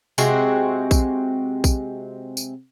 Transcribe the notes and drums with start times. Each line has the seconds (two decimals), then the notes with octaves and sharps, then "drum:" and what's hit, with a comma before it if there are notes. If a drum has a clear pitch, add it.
0.18 C3 G#3 C4 F#4, drum: tambourine
0.91 drum: kick A#1, tambourine
1.64 drum: kick A#1, tambourine
2.37 drum: tambourine